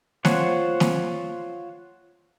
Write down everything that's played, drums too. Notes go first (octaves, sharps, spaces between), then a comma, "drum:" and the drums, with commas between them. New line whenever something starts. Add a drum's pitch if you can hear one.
F4 C5 C#5 F#5, drum: snare
drum: snare